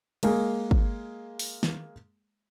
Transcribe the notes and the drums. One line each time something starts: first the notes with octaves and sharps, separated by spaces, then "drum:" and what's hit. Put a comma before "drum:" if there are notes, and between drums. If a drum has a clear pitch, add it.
G#3 A#3 G#4, drum: cymbal
drum: kick
drum: open hi-hat
drum: snare